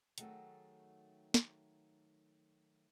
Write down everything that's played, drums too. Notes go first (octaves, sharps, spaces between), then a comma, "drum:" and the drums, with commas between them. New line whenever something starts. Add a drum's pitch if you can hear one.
D#3 F#3 A3 F#4 G#4 A4, drum: hi-hat
drum: snare